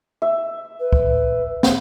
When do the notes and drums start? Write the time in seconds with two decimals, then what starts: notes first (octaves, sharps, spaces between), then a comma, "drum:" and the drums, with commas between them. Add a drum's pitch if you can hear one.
0.22 E5
0.80 B4
0.93 drum: kick
1.63 drum: snare